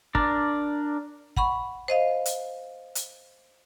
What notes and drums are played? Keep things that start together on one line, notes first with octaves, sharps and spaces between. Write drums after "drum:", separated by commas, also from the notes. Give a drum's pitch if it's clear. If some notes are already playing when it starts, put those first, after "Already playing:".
D4 A#4 D5, drum: kick
F#5 B5 C#6, drum: kick
C5 D#5 F5
drum: hi-hat
drum: hi-hat